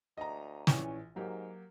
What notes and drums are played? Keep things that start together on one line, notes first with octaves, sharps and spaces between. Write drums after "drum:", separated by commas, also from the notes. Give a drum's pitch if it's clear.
D2 D#5 A#5
A#1 E3 C#4, drum: snare
G#2 F#3 A#3 G4